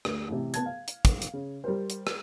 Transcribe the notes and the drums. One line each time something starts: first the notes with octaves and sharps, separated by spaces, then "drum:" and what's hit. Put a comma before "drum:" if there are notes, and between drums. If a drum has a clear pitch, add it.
D2, drum: rim click
A1 C3
B3 A5 G#6, drum: hi-hat
F5
drum: hi-hat
drum: kick, hi-hat
drum: hi-hat
C#3
G3 A#4 C5
drum: hi-hat
drum: rim click